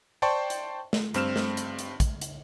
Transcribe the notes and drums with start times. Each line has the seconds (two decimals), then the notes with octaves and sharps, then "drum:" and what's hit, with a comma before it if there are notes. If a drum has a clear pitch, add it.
0.22 C5 D5 G5 A5 C6 C#6
0.50 drum: hi-hat
0.93 drum: snare
1.14 G2 C4 F6 E7, drum: hi-hat
1.36 drum: snare
1.57 drum: hi-hat
1.79 drum: hi-hat
2.00 drum: kick, hi-hat
2.21 drum: hi-hat